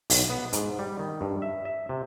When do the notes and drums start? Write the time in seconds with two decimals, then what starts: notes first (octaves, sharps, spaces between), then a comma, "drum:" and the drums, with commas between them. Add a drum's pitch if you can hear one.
0.10 B1, drum: open hi-hat
0.30 B3
0.53 G#2, drum: hi-hat
0.79 G3
0.99 D#3
1.21 G2
1.42 E5
1.65 E5
1.89 C3